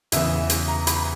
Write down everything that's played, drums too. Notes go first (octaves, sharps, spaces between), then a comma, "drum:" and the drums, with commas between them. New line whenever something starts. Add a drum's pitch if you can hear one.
E2 C#3 E3 E5, drum: hi-hat
drum: hi-hat
A#5
B5, drum: hi-hat